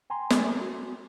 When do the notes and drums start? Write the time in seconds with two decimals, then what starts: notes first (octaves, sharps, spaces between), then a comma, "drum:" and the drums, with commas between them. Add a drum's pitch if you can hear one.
0.10 G5 G#5 A#5 C6
0.30 drum: snare
0.61 F#4